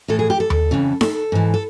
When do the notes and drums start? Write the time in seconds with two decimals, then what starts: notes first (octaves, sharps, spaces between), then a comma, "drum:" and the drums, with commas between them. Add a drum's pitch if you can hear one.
0.08 A2 E3 A4
0.19 G#4
0.30 G4
0.40 A4
0.50 drum: tom D#2
0.71 F2 C#3 E3
1.01 A4, drum: snare D#4
1.32 G#2 E3
1.54 A4